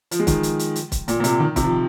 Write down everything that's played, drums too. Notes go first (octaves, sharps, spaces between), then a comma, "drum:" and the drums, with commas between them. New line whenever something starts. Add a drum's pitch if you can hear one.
F3, drum: hi-hat
G#3
D#3, drum: kick, hi-hat
drum: hi-hat
drum: hi-hat
drum: hi-hat
drum: kick, hi-hat
A#2, drum: hi-hat
A#2
C3, drum: hi-hat
D#3
C3, drum: kick, hi-hat
F3